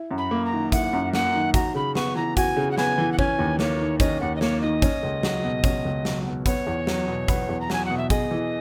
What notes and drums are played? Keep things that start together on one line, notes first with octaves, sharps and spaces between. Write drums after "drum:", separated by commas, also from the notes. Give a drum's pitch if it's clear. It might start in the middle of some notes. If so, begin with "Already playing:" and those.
Already playing: E4
F#2
B5
A#3
A#5
D#3
E4 F#5, drum: kick, hi-hat
F#2
A#3 F#5, drum: snare
D#3
F#4 A#5, drum: kick, hi-hat
C#3 B5
B3 C#6, drum: snare
E3 A#5
F#4 G#5, drum: kick, hi-hat
C#3
F#5
B3 G#5, drum: snare
E3
F#5
C#4 G#5, drum: kick
D#2
A#3 C#5, drum: snare
D#3
C#4 D#5, drum: kick, hi-hat
D#2 F#5
D#5
A#3 C#5, drum: snare
D#3 D#5
C#4, drum: kick, hi-hat
C#2
F#3, drum: snare
B2
C#4, drum: kick, hi-hat
C#2
F#3, drum: snare
B2
B3 C#5, drum: kick, hi-hat
E2
F#3, drum: snare
B2
B3, drum: kick, hi-hat
E2
A#5
F#3 G#5, drum: snare
B2 F#5
E5
G#4 D#5, drum: kick, hi-hat
E3